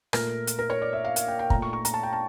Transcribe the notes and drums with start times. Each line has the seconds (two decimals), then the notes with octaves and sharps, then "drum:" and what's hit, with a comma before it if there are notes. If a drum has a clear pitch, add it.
0.13 A#2 A3 A#4, drum: rim click
0.47 drum: hi-hat
0.59 A#4
0.70 C#5
0.82 D5
0.93 E5
1.04 F5
1.16 F5, drum: hi-hat
1.28 G5
1.39 G5
1.50 A#2 A3 A#5, drum: kick
1.62 C#6
1.73 C#6
1.85 A#5, drum: hi-hat
1.94 A5
2.03 G5
2.13 A5